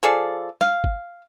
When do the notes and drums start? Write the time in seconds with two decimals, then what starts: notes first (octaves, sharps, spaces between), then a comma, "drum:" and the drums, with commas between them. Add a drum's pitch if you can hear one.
0.03 F3 G#4 A4 D5
0.61 F5, drum: snare
0.84 drum: kick G1